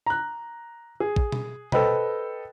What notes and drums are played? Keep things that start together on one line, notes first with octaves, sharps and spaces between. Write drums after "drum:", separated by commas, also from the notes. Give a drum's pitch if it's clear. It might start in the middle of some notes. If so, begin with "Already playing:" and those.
A#5 F#6
G#4
drum: kick
drum: tom
A4 B4 C5 D#5 G5 B5, drum: tom